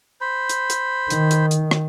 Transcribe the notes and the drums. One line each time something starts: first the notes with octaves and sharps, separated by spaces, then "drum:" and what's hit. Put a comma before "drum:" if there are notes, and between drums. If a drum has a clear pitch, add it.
C5 B5
drum: hi-hat
drum: hi-hat
D#3, drum: hi-hat
drum: hi-hat
drum: hi-hat
drum: rim click